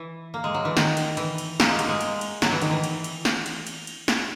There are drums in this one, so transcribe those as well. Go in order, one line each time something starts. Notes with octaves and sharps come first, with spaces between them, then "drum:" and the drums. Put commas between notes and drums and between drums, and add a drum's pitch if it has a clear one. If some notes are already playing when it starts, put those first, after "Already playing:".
Already playing: E3
A#3
G#3
F#3
E3
D#3, drum: snare
drum: cymbal
E3, drum: cymbal
drum: cymbal
A#3, drum: snare
G#3
F#3, drum: cymbal
G#3
drum: cymbal
drum: cymbal
F#3, drum: snare
E3
D#3, drum: cymbal
E3
drum: cymbal
drum: cymbal
drum: snare
drum: cymbal
drum: cymbal
drum: cymbal
drum: snare